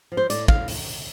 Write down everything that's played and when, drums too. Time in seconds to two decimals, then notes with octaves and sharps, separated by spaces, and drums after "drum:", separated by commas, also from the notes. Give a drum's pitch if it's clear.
0.12 F3
0.17 C5
0.30 A2 D5, drum: hi-hat
0.48 A2 F5, drum: kick
0.68 drum: open hi-hat